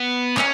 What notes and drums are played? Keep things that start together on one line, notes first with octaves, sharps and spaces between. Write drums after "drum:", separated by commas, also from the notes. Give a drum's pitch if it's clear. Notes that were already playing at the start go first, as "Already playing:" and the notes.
Already playing: B3
C#4, drum: clap